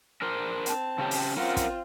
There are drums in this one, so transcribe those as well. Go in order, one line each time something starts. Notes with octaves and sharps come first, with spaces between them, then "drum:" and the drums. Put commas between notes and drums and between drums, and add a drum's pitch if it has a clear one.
D4 A#4 C5
C4 A5, drum: hi-hat
C#3 C#4 G4
drum: open hi-hat
C4 C#4 F4 A#4 F#5
drum: kick, hi-hat